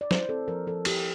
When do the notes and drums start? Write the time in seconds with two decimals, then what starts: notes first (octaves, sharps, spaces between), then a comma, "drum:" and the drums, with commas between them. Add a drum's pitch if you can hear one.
0.01 D5
0.11 E4 C5, drum: snare
0.29 C4 A4
0.48 F3 A#4
0.67 F3 A4
0.85 E4 G4, drum: cymbal